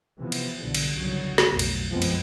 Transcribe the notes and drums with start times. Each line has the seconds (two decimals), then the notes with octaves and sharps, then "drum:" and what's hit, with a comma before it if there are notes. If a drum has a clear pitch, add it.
0.19 C3 E3 F3 B3
0.32 drum: cymbal
0.58 B1 G2 B2 D3
0.75 drum: cymbal
0.96 G1 C2 G2 C#3 F#3
1.38 drum: snare
1.50 F1 B1
1.59 drum: cymbal
1.89 F#2 F3 G#3 B3 C4
2.02 drum: cymbal